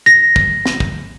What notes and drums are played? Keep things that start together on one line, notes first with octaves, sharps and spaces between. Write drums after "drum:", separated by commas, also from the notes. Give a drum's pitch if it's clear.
A#6
drum: kick
drum: snare
drum: kick